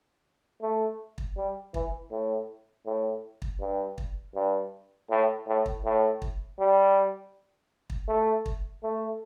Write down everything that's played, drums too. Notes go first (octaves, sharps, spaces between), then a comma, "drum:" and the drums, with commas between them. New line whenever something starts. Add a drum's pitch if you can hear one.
A3
drum: kick
G3
E3, drum: kick
A2
A2
drum: kick
G2
drum: kick
G2
A2
A2
drum: kick
A2
drum: kick
G3
drum: kick
A3
drum: kick
A3